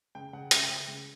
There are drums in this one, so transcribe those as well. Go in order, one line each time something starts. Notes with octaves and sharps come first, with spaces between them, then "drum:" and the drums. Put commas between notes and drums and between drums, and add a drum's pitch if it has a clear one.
C#3 G5
C#3 F#5
C#3 E5, drum: hi-hat
G5
C#3
C#3